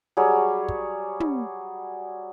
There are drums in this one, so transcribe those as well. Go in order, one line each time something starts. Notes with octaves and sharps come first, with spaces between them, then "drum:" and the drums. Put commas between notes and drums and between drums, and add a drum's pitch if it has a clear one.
F#3 G3 G#4 C#5
drum: kick
drum: tom